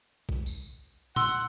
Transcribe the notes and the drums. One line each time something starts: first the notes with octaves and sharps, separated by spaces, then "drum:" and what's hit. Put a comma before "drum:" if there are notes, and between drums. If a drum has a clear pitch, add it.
drum: kick
drum: tambourine
F#5 C6 E6, drum: tom